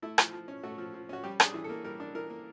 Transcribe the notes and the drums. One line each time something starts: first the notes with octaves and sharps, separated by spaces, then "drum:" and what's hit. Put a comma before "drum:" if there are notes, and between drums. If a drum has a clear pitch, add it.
A3 E4
F3, drum: rim click
F3
C#4
A3 F#4
F3
F3
C#4 F#4
G3 G4
D4 G#4, drum: rim click
E3
A4
A#3
G3 A#4
D4
E3 A#4
A#3